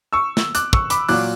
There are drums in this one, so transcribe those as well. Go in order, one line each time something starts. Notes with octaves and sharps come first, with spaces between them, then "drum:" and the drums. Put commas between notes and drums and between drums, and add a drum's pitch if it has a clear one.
C#6 E6
drum: snare
D6 F#6, drum: hi-hat
C#6 E6, drum: kick
B5 D6, drum: hi-hat
A#2 F#3 D6 F#6, drum: open hi-hat